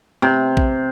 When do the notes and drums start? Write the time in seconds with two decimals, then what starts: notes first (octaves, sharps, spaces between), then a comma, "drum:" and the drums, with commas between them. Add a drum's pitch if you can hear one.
0.22 C3
0.57 drum: kick